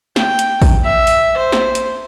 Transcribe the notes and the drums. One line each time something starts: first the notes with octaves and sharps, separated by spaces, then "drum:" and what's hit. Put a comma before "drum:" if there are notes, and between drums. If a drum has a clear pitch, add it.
G5, drum: snare
drum: hi-hat
drum: kick A1, open hi-hat
E5
drum: open hi-hat
C5
drum: snare
drum: hi-hat